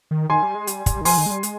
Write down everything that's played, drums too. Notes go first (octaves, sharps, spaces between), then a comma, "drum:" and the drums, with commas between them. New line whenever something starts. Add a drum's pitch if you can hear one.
D#3
D#3 G#5 C6
G3
G#3
G3, drum: hi-hat
G3, drum: kick, hi-hat
D#3
F3 G#5 C6, drum: open hi-hat
D#3
G#3
G3
G#3, drum: hi-hat